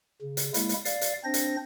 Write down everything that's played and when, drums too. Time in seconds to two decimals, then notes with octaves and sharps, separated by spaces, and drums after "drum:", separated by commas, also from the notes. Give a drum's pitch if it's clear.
0.22 C#3
0.37 drum: hi-hat
0.54 G#3 A#3 E4, drum: hi-hat
0.69 drum: hi-hat
0.85 D5 F5, drum: hi-hat
1.01 drum: hi-hat
1.24 C4 D4 C5 A#6
1.34 drum: hi-hat